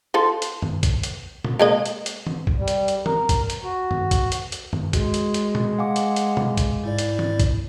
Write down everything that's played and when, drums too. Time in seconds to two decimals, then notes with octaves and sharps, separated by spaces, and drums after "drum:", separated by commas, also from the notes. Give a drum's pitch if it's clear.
0.14 F4 A4 C5
0.42 drum: hi-hat
0.62 drum: tom F#2
0.83 drum: kick A#1, hi-hat
1.03 drum: hi-hat
1.44 drum: tom A#2
1.59 G#3 A#3 D#5
1.86 drum: hi-hat
2.06 drum: hi-hat
2.27 drum: tom E3
2.47 drum: kick A#1
2.58 G3
2.68 drum: hi-hat
2.88 drum: hi-hat
3.06 A#4, drum: tom E3
3.29 drum: kick A#1, hi-hat
3.50 drum: hi-hat
3.63 F#4
3.91 drum: tom F#2
4.11 drum: kick A#1, hi-hat
4.32 drum: hi-hat
4.52 drum: hi-hat
4.73 drum: tom F#2
4.93 G#3 F#4, drum: kick A#1, hi-hat
5.14 drum: hi-hat
5.34 drum: hi-hat
5.55 drum: tom A#2
5.79 F5 F#5 G#5 D6
5.96 drum: hi-hat
6.16 drum: hi-hat
6.37 drum: tom B2
6.57 drum: kick A#1, hi-hat
6.84 G#2 E4 D5
6.99 drum: hi-hat
7.19 drum: tom E3
7.40 drum: kick A#1, hi-hat